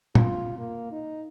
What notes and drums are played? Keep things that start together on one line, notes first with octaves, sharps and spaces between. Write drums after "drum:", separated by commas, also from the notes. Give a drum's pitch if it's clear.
F4, drum: tom
A#3
D#4